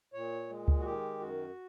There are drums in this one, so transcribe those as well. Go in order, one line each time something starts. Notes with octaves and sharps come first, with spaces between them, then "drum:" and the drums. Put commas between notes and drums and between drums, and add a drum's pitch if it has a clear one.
A#2 C#5
G#3
drum: kick C#2
F#4
D#3 G4
F#2 F#4